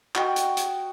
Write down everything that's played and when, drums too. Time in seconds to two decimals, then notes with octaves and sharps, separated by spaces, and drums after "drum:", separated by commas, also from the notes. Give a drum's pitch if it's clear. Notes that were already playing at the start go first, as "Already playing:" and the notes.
0.15 F#4 D#5 G5, drum: clap
0.36 drum: hi-hat
0.57 drum: hi-hat